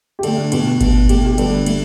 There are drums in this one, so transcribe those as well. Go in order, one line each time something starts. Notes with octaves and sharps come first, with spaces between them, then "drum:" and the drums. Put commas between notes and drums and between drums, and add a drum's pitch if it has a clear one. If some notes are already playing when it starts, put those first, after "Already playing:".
G4
D3 A3 A4, drum: cymbal
B2 B3 G4, drum: cymbal
B2 B3, drum: kick G1, cymbal
B2 A3 G4, drum: cymbal
G4
D3 G3 B3 A4, drum: cymbal
A3, drum: cymbal